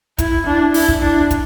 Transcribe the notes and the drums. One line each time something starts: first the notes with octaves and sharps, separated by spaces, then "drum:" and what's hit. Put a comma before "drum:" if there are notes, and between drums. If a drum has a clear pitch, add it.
E4, drum: kick, hi-hat
D4
E4, drum: open hi-hat
drum: kick
D4
drum: kick, hi-hat